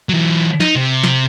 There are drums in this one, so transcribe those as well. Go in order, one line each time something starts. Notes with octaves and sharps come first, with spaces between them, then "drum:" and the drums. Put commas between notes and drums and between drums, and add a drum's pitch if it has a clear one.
E3 F#3
D#4, drum: snare
C3
drum: snare